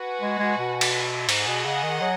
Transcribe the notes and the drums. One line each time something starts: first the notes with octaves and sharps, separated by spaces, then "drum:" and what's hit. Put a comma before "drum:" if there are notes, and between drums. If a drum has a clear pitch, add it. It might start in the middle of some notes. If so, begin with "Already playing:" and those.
Already playing: F#4 B4 G#5
G#3
G#3
B2
drum: cymbal
G#2 G#4 D#5 F#5, drum: cymbal
B2
C#3
D#3
F#3